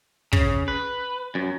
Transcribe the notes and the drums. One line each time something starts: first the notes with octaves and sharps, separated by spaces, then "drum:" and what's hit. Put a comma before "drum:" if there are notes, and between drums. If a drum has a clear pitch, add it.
C#3, drum: kick
B4
F#2